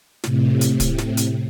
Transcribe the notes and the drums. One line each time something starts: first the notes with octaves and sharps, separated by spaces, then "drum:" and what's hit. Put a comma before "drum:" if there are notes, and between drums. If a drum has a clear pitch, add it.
A2 C3, drum: snare
drum: hi-hat
drum: kick D1, hi-hat
drum: snare
drum: hi-hat